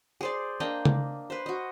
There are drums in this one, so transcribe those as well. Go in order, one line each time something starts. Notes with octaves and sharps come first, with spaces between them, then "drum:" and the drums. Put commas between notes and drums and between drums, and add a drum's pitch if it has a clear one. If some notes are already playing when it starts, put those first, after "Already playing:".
G#4 C5 D5
A#3 D4 D#5 G5
drum: tom C#3
B4 C5
F#4 D#5